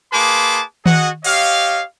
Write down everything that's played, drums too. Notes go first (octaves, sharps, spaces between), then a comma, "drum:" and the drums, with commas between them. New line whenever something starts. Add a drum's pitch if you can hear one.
A#3 G#4 B4 A5 C6 D6
F#4 G#4 D#5 F#5, drum: tom D#3
G4 C#5 D#5 F5, drum: open hi-hat